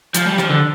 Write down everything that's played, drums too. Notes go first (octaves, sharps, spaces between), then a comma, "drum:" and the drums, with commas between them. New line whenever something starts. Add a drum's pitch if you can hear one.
F3, drum: hi-hat
G3
F3, drum: rim click
D3